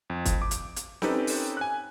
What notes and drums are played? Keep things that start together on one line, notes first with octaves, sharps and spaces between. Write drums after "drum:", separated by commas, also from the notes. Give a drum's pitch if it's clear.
F2
drum: kick, hi-hat
D6
drum: hi-hat
drum: hi-hat
C4 C#4 D#4 G4 A4 B4, drum: snare
drum: open hi-hat
G#5 F#6